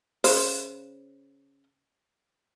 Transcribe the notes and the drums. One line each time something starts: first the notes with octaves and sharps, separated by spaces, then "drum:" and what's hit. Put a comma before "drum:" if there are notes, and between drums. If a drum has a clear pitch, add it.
C#3 C5, drum: open hi-hat